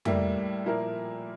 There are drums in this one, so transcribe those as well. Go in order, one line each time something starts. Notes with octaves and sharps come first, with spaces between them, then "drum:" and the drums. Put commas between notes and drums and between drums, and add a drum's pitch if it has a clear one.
A2 G3 A#3 E4, drum: tom F2
A#2 F3 A#3 E4 A#4